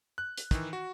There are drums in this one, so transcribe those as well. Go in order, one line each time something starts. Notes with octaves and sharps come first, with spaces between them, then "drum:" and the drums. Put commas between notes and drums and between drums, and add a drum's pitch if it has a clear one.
F#6
drum: hi-hat
D#3 E3, drum: kick, hi-hat
F#4